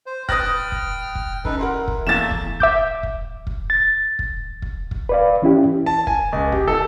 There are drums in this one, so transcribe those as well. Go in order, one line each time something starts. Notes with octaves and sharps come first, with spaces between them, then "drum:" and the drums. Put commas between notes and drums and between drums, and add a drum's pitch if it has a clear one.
C5
B4 G5 D#6 F6 F#6 A6 A#6, drum: kick
drum: kick
drum: kick
F#2 D#4 A4 B4, drum: kick
E4 A#4 F#5 C6
drum: kick
E2 A3 A#3 E5 A6 E7
drum: kick
E5 D6 G6, drum: kick
drum: kick
drum: kick
A6
drum: kick
drum: kick
drum: kick
B4 D5 F5
E3 C#4 E4 G4
A5
G#5, drum: kick
C#2
G4, drum: kick
A4